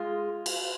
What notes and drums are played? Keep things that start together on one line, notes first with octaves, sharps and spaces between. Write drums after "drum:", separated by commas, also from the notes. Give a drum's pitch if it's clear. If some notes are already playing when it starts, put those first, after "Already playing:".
Already playing: G#3 F4
drum: cymbal